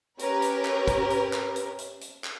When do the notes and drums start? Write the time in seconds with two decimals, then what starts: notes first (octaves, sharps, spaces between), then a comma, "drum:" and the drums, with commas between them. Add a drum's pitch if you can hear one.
0.19 C#4 G4 A#4 B4, drum: hi-hat
0.42 drum: hi-hat
0.65 drum: clap
0.88 drum: kick, hi-hat
1.10 drum: hi-hat
1.33 drum: clap
1.56 drum: hi-hat
1.79 drum: hi-hat
2.01 drum: hi-hat
2.24 drum: clap